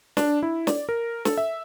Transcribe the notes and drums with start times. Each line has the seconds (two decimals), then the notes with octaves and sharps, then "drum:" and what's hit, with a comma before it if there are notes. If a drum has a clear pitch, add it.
0.17 D4, drum: snare
0.43 E4
0.67 D5, drum: snare
0.89 A#4
1.25 A4, drum: snare
1.38 E5